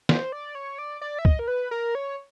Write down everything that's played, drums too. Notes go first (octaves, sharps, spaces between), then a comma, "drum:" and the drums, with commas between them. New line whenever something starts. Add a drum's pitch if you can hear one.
C5, drum: snare
D5
C#5
D5
D5
E5
D#5, drum: kick
A#4
B4
A#4
C#5